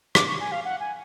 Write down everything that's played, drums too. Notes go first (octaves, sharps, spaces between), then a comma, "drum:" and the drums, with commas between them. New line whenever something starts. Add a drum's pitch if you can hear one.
D6, drum: rim click
C#6
G#5
F5
F#5
G#5